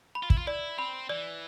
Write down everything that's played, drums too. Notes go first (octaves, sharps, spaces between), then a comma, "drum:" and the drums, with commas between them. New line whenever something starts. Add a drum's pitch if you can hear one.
B5
F4
E4, drum: kick
F4
E4 D5
C4 B5
E3 D5